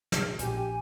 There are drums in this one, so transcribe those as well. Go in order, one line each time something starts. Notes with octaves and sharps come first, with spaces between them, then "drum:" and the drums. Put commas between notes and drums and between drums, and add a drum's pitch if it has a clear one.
drum: snare
A#1 G4 G#5, drum: hi-hat